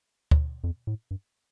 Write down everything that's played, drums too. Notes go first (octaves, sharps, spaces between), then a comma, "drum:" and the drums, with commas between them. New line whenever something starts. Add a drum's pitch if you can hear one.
drum: kick
F2
A2
G2